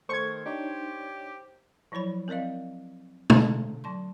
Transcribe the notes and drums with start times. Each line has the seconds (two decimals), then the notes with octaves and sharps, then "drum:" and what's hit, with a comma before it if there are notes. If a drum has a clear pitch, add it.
0.09 D#3 A3 A4 C5 C#6 G#6
0.46 D4 D#4 G4 C#5
1.92 F3 F#3 E4 C#5 B5
2.28 C4 A#4 D5 D#5 F5
3.30 D3 A3 D4 A4 A#5 C6, drum: tom
3.84 F#3 A5 C6